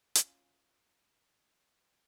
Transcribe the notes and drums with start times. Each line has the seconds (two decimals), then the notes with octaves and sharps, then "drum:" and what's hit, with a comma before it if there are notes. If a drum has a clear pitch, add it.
0.15 C#4 F4 C#5, drum: hi-hat